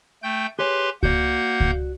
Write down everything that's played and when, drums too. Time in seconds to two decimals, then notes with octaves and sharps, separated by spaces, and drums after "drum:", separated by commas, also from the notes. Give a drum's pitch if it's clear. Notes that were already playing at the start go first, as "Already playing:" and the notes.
0.23 A3 G5 G6
0.59 G4 G#4 B4 C#5 C6
1.03 A#3 F#4 D5 F#5 G6, drum: kick C#2
1.60 drum: kick C#2